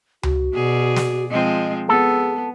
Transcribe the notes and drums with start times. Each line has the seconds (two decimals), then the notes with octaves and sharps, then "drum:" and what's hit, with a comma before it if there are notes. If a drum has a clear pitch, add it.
0.23 F#4, drum: tom C#2
0.52 B2 G#4 D5
0.96 drum: snare
1.31 F3 G#3 C4 D#5
1.89 B3 G#4 A4